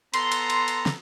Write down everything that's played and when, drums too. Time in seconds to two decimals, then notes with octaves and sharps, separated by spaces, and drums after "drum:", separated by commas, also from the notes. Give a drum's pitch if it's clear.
0.14 B3 A4 A#5 C6, drum: cymbal
0.32 drum: cymbal
0.50 drum: cymbal
0.68 drum: cymbal
0.86 drum: snare